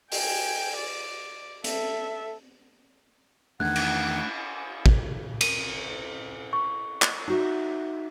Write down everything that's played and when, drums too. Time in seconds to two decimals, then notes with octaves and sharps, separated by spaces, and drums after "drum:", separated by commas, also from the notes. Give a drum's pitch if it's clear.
0.12 G5 G#5, drum: open hi-hat
0.76 D5
1.64 A4 E5, drum: hi-hat
3.60 E2 D#3 A3 D4 F#5 F#6 G#6
3.76 drum: cymbal
4.86 drum: kick
5.41 A#4 D#7, drum: cymbal
6.53 C#6
7.02 drum: clap
7.28 D#4 F#4 E5